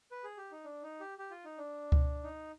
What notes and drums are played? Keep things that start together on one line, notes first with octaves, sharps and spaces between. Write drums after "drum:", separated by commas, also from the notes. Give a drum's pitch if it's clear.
B4
G#4
G4
D#4
D4
D#4
G4
G4
F4
D#4
D4
drum: kick C#2
D#4